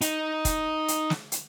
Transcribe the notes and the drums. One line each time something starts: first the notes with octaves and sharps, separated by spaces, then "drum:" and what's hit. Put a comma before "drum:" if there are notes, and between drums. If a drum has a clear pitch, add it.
D#4, drum: hi-hat
drum: kick, hi-hat
drum: hi-hat
drum: snare
drum: hi-hat